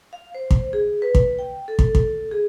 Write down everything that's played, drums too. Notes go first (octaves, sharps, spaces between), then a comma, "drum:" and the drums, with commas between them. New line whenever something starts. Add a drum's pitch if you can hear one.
F5
C5
drum: kick
G#4
B4
drum: kick
G5
A4
drum: kick
drum: kick
G#4